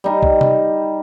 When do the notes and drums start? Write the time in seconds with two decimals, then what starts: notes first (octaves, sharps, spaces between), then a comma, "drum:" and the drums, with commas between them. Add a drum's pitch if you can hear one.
0.04 G3 D#4
0.23 drum: kick
0.41 drum: tom